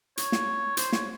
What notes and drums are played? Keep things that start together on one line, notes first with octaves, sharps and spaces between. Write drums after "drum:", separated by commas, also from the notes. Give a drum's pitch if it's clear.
C#5, drum: hi-hat
drum: snare
C5, drum: hi-hat
C#5, drum: snare